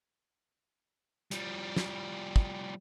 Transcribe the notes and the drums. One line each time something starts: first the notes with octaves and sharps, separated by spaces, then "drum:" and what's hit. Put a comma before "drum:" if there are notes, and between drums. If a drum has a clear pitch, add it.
F3 G3, drum: hi-hat
drum: snare
drum: kick